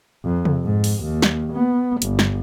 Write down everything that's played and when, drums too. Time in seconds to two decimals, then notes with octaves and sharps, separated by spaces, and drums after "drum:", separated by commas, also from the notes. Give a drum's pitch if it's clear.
0.25 F2
0.45 drum: tom C3
0.64 G#2
0.84 drum: open hi-hat
1.03 D#2
1.22 drum: snare
1.53 B3
2.02 G1, drum: hi-hat
2.19 drum: snare